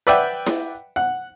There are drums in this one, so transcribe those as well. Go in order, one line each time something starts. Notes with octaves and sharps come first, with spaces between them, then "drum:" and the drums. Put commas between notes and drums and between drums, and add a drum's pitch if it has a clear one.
B4 D5 E5 F#5 G5
drum: snare E4
F#5